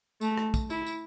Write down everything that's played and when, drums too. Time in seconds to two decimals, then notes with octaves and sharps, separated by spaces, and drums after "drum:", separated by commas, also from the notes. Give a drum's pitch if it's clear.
0.21 A3, drum: tambourine
0.38 drum: rim click
0.54 drum: kick, tambourine
0.70 E4, drum: tambourine
0.86 drum: tambourine